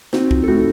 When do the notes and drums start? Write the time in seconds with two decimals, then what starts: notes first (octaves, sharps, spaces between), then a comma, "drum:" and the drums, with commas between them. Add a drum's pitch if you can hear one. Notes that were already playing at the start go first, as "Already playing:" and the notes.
0.13 C4 D#4 F#4, drum: snare
0.31 F3, drum: kick
0.44 A4
0.48 A2 D#4 F#4